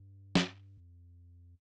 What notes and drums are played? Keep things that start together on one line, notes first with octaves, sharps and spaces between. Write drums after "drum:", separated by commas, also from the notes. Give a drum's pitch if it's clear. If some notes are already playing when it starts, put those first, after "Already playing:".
Already playing: G2
drum: snare
F2